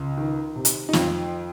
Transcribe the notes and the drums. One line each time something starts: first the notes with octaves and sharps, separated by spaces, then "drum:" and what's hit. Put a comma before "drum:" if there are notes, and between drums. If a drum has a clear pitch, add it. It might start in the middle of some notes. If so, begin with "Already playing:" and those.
Already playing: C#2
D#3
C3
drum: hi-hat
D#4
F2 F4, drum: snare